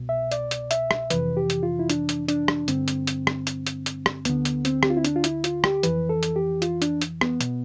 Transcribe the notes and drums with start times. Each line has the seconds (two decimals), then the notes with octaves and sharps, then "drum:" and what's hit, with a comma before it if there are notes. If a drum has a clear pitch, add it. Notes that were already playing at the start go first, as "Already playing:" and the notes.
Already playing: C2 B2
0.09 E5
0.31 D5, drum: hi-hat
0.51 drum: hi-hat
0.71 E5, drum: hi-hat
0.91 drum: rim click
1.10 F2 C3 E3 B4, drum: hi-hat
1.37 G4
1.50 drum: hi-hat
1.63 F4
1.79 E4
1.90 D4, drum: hi-hat
2.09 drum: hi-hat
2.29 D4, drum: hi-hat
2.48 drum: rim click
2.68 G2 D3 C4, drum: hi-hat
2.88 drum: hi-hat
3.07 drum: hi-hat
3.27 drum: rim click
3.47 drum: hi-hat
3.66 drum: hi-hat
3.86 drum: hi-hat
4.06 drum: rim click
4.25 D2 D3 B3, drum: hi-hat
4.45 drum: hi-hat
4.65 C4, drum: hi-hat
4.83 G4, drum: rim click
4.90 F4
4.97 E4
5.05 D4, drum: hi-hat
5.16 F4
5.24 E4, drum: hi-hat
5.44 F4, drum: hi-hat
5.64 G4, drum: rim click
5.83 F2 E3 B4, drum: hi-hat
6.09 A4
6.23 drum: hi-hat
6.36 G4
6.62 F4, drum: hi-hat
6.82 D4, drum: hi-hat
7.01 drum: hi-hat
7.21 B3, drum: rim click
7.41 B2, drum: hi-hat